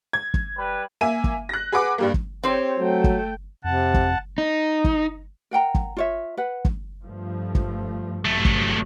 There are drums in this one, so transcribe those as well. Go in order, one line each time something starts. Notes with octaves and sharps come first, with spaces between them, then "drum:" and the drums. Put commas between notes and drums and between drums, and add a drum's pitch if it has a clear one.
G#6
drum: kick
G3 B4
A#3 E5 G#5 D#7
drum: kick
F#6 A#6
G#4 B4 F#5 D6
G2 G3 A#3
drum: kick
C4 G4 C5 C#5
F#3 A3 G5
drum: kick
F2 C3 F#5 A5
drum: kick
D#4
drum: kick
A#4 F#5 G5 A#5
drum: kick
F4 C#5 E5
B4 F#5
drum: kick
G2 F3 A3
drum: kick
A1 G2 C3 F#3 A3
drum: kick